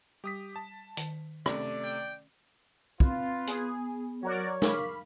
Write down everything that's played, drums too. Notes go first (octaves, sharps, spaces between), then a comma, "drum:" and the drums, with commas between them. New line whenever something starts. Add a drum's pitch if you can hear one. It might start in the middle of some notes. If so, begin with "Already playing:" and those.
G3 G4 D#6 B6
A5
D#3, drum: hi-hat
C3 A3 C#4 D5, drum: rim click
G5
C4 F4 B4, drum: kick
B3 G#4, drum: hi-hat
F#3 F#4 A#4 C#5 D5
A#4 F5 B5 C#6 D6, drum: snare